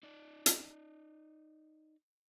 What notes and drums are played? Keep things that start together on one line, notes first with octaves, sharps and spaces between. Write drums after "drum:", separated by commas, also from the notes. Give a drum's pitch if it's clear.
D#4 D5
drum: hi-hat